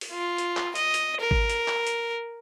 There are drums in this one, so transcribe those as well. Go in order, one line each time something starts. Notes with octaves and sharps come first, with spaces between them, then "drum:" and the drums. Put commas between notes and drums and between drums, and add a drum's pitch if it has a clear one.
drum: open hi-hat
F4
drum: hi-hat
drum: clap
D#5, drum: hi-hat
drum: hi-hat
A#4
drum: kick G#1
drum: hi-hat
drum: clap
drum: hi-hat